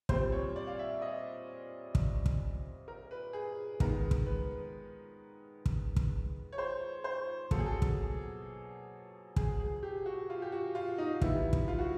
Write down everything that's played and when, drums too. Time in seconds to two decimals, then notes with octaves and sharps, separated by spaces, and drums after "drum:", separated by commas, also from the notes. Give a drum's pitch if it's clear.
0.09 A#2 G3 C4 C5, drum: kick
0.32 C#5
0.56 D5
0.67 F5
0.79 E5
1.02 D#5
1.95 drum: kick
2.26 drum: kick
2.88 A#4
3.11 B4
3.33 G#4
3.80 D#3 G#3 B3 A#4, drum: kick
4.11 drum: kick
4.26 B4
5.66 drum: kick
5.96 drum: kick
6.52 C#5
6.58 C5
7.04 C5
7.51 B2 F#3 A#3 A4, drum: kick
7.59 G#4
7.66 A4
7.82 drum: kick
9.36 G#4, drum: kick
9.60 G#4
9.83 G4
10.06 F#4
10.30 F4
10.42 G4
10.52 F#4
10.75 F4
10.98 D#4
11.22 D#3 G3 B3 E4, drum: kick
11.53 drum: kick
11.68 F4
11.79 F#4